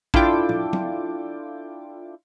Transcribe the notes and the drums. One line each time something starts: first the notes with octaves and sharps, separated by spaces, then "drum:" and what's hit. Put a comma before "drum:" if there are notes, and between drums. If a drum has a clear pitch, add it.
D4 E4 F4 A4 G5 D6, drum: kick
drum: tom
drum: tom